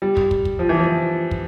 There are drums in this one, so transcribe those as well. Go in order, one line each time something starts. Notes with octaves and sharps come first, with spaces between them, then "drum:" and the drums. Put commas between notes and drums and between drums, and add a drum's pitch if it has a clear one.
G3
drum: kick
drum: kick
drum: kick
F3
E3
F3
drum: kick